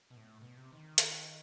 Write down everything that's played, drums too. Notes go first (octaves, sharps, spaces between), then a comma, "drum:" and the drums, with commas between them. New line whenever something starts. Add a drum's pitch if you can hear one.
B2
A2
B2
C3
D#3
drum: hi-hat